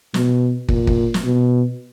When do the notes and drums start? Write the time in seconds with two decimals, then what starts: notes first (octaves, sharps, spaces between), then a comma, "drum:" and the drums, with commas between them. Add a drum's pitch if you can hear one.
0.14 B2, drum: snare
0.69 A#2, drum: kick
0.87 drum: kick
1.14 drum: snare
1.24 B2